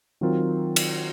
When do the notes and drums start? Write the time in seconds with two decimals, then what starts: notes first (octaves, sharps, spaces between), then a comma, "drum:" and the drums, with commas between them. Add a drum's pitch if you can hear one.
0.21 D#3 F#3 C4 F4 A#4
0.76 drum: cymbal